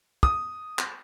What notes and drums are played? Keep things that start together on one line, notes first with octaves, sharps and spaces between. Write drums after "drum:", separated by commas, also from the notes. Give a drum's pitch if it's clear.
D#6, drum: kick
drum: clap